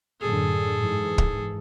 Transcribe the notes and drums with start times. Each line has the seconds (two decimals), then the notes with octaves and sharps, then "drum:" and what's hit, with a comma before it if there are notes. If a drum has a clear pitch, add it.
0.21 F#2 A2 D3 G#4 A4
0.77 G#2 E3
1.18 drum: kick